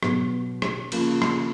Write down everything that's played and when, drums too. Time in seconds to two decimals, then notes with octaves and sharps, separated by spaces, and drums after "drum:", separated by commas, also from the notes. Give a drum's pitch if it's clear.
0.03 B2 F#3 B3, drum: rim click
0.62 drum: rim click
0.92 C#3 F3 A#3 F4, drum: cymbal
1.22 drum: rim click